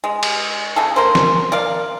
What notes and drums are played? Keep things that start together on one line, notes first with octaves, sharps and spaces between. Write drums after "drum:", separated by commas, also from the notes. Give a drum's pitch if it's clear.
G#3
drum: cymbal
C#3 G#4 A4
A#3 A#4 C5
drum: snare
A#4 D5 F5